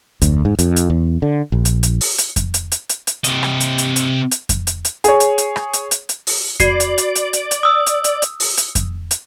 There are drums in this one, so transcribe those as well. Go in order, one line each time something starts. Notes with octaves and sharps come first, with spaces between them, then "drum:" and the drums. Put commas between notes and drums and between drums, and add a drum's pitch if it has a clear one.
D2, drum: kick F2, hi-hat
G#2
F2, drum: hi-hat
drum: hi-hat
E2
D3
A#1
drum: hi-hat
drum: hi-hat
drum: open hi-hat
drum: hi-hat
drum: kick F2, hi-hat
drum: hi-hat
drum: hi-hat
drum: hi-hat
drum: hi-hat
C3 D#5, drum: hi-hat
drum: rim click
drum: hi-hat
drum: hi-hat
drum: hi-hat
drum: hi-hat
drum: kick F2, hi-hat
drum: hi-hat
drum: hi-hat
G#4 C#5, drum: hi-hat
drum: hi-hat
drum: hi-hat
drum: rim click
drum: hi-hat
drum: hi-hat
drum: hi-hat
drum: open hi-hat
F#4 D5 C7, drum: kick F2, hi-hat
drum: hi-hat
drum: hi-hat
drum: hi-hat
drum: hi-hat
drum: hi-hat
D#6 E6
drum: hi-hat
drum: hi-hat
drum: hi-hat
drum: open hi-hat
drum: hi-hat
drum: kick F2, hi-hat
drum: hi-hat